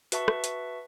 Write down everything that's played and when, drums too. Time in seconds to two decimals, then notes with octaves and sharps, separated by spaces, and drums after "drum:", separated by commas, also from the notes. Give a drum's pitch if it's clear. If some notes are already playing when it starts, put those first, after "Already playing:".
0.12 F#4 B4 E5 A5 C#6, drum: hi-hat
0.28 drum: rim click
0.44 drum: hi-hat